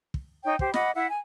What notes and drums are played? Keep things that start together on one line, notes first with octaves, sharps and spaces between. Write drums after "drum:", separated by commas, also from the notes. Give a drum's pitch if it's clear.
drum: kick
D#4 C#5 G5
G4 C5, drum: kick
D#5 F#5 B5 D6, drum: snare
E4 E5 F#5
G#5